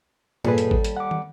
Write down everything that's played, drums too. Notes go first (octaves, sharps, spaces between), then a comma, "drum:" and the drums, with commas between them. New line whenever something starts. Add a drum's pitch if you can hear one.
D#2 A#2 G3 G#4 A4 B4, drum: tom G2
drum: hi-hat
drum: kick G#1
drum: hi-hat
F#5 D6
drum: tom